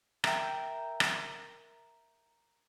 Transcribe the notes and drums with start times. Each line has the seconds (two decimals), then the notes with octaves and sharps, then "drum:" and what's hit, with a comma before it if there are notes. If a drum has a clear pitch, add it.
0.24 A#4 E5 G5, drum: rim click
1.00 drum: rim click